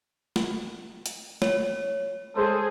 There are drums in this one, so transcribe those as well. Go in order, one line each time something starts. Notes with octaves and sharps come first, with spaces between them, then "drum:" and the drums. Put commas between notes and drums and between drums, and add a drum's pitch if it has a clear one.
drum: snare
drum: hi-hat
C#5, drum: snare
G#3 G#4 A4 C5